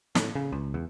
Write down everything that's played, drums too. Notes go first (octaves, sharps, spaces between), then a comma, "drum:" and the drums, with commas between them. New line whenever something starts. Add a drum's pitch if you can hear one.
A2, drum: snare
C#3
C#2
E2